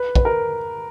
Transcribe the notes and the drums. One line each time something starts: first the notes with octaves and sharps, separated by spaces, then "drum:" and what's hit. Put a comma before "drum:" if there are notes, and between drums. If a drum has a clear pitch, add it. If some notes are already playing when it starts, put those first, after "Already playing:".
Already playing: B4
B4, drum: kick A#1
A#4